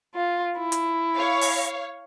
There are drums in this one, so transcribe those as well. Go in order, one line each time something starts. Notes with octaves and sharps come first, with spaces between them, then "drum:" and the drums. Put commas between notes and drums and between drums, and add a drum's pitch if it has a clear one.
F4
E4
drum: hi-hat
C#5 F5
drum: open hi-hat